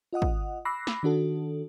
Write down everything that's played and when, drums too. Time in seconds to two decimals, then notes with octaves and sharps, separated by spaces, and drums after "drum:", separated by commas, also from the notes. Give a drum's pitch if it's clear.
0.13 F4 D#5 F#5 D#6
0.22 drum: kick
0.65 B5 D6 E6 F#6 A#6 C7
0.87 drum: snare
1.03 D#3 D4 F#4 A4